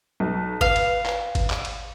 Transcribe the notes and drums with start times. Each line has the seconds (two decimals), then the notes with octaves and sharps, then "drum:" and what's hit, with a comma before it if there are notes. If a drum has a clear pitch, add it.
0.20 B1
0.61 B4 F5, drum: kick G#1
0.76 drum: cymbal
1.05 drum: clap
1.35 drum: kick G#1, cymbal
1.50 drum: clap
1.65 drum: cymbal